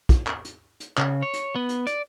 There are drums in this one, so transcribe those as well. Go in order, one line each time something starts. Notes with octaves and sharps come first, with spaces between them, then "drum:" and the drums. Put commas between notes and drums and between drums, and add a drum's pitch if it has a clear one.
drum: kick, hi-hat
drum: clap
drum: hi-hat
drum: hi-hat
C#3, drum: clap
C#5
drum: hi-hat
B3
drum: hi-hat
D5, drum: hi-hat